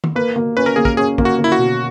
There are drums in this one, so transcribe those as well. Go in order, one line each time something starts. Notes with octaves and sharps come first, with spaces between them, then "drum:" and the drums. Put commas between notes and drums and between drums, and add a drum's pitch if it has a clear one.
drum: tom D#3
A#3 B4
A#3
C#4 B4
A#4
A#3 G#4
A#4, drum: kick
C#4 G#4
A#3, drum: kick
F#4
A#3
E4
F#4
B2